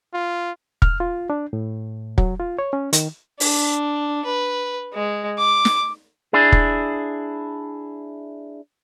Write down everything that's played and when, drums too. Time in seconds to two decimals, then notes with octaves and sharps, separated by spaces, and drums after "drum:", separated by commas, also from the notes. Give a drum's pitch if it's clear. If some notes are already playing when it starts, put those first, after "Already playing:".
0.14 F4
0.82 F6, drum: kick
1.00 F4
1.30 D4
1.53 A2
2.18 F#3, drum: kick
2.40 F4
2.59 C#5
2.73 C#4
2.93 D#3, drum: hi-hat
3.40 D4, drum: open hi-hat
4.25 B4
4.93 G#3
5.38 D6
5.65 drum: snare
6.33 D4 E4 G#4
6.52 drum: kick